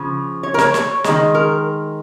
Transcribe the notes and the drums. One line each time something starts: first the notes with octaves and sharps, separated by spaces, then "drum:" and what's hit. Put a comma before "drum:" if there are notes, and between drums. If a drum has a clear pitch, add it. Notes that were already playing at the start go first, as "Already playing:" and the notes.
Already playing: C#3 F3
C#5
A#4
C#5, drum: snare
C#5, drum: snare
D#3 G#3, drum: snare
A#4